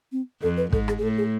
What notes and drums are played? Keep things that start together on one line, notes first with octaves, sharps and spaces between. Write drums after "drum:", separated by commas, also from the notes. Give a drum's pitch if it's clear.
C4
F2 A4
B4
G#2 A4, drum: kick
G#4, drum: rim click
G#4
A2 A4
G#4